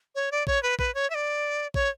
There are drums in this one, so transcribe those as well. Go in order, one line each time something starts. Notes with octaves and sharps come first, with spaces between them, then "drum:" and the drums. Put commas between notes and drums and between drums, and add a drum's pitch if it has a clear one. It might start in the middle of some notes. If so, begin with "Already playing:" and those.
C#5
D5
C#5, drum: kick
B4
B4, drum: kick
C#5
E5
D5
C#5, drum: kick